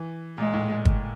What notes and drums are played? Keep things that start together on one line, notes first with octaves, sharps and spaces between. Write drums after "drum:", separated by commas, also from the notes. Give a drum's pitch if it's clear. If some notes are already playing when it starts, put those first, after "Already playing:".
Already playing: E3
A#2 G#3
A2
drum: kick